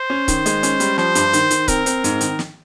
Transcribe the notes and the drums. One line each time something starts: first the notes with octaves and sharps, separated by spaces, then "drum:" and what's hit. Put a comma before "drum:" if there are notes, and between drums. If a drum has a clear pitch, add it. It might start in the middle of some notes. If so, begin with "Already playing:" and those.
Already playing: C5
C#4
D#3, drum: kick C#1, hi-hat
G#3, drum: hi-hat
C#4, drum: hi-hat
G3, drum: hi-hat
F3 C5, drum: snare
G2, drum: hi-hat
D#3, drum: hi-hat
D#3, drum: hi-hat
C4 A#4, drum: kick C#1, hi-hat
C4, drum: hi-hat
G#2, drum: hi-hat
D#3, drum: hi-hat
drum: snare